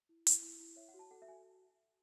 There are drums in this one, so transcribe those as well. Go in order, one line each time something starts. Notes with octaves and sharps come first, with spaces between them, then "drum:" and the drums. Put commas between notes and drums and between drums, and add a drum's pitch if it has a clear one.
E4
E4, drum: hi-hat
E4
E4
C#5 E5
F#5
F#4
A5
A4 F#5
E5
F#4 G#5